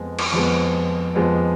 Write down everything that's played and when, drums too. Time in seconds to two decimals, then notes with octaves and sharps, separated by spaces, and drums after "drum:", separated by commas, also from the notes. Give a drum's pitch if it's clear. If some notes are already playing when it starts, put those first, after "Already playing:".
Already playing: F2 F3 G#3 B3
0.19 drum: cymbal
0.33 F2 F3 G#3 B3
1.15 F2 F3 G#3 B3